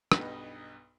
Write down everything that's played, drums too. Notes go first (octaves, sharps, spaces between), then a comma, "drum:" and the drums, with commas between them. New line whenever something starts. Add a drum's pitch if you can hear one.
B1 G2 B3 D#4, drum: rim click